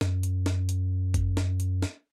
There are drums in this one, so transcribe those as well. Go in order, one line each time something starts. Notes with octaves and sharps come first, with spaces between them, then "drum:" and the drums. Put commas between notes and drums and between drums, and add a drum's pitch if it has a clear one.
F#2, drum: snare
drum: hi-hat
drum: snare
drum: hi-hat
drum: kick, hi-hat
drum: snare
drum: hi-hat
drum: snare